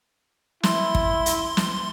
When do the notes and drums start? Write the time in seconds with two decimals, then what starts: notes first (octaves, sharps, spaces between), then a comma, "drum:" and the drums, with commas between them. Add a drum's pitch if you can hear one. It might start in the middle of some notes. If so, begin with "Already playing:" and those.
0.63 E4 C6, drum: snare
0.95 drum: kick
1.26 drum: hi-hat
1.57 drum: snare